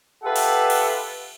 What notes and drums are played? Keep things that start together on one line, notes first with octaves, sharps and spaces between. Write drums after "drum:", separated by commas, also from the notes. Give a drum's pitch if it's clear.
F4 G4 A4 B4 E5 F#5
drum: open hi-hat
drum: cymbal